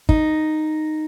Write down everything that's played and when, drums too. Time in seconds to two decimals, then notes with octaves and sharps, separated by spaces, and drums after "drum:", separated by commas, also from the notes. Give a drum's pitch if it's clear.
0.09 D#4, drum: kick